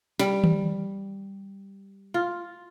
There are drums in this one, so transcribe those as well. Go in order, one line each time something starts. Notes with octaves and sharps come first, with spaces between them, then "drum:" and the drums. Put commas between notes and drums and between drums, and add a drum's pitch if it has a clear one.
G3, drum: snare
drum: tom D#3
F4